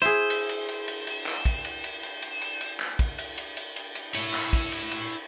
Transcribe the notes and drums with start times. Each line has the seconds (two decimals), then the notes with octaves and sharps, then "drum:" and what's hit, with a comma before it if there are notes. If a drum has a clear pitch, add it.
0.02 E4 G#4 C5
0.30 drum: cymbal
0.49 drum: cymbal
0.69 drum: cymbal
0.88 drum: cymbal
1.07 drum: cymbal
1.26 drum: clap
1.45 drum: kick, cymbal
1.65 drum: cymbal
1.84 drum: cymbal
2.03 drum: cymbal
2.22 drum: cymbal
2.42 drum: cymbal
2.61 drum: cymbal
2.80 drum: clap
2.99 drum: kick, cymbal
3.18 drum: cymbal
3.38 drum: cymbal
3.57 drum: cymbal
3.76 drum: cymbal
3.95 drum: cymbal
4.14 E4 C#5, drum: cymbal
4.34 drum: clap
4.53 drum: kick, cymbal
4.72 drum: cymbal
4.91 drum: cymbal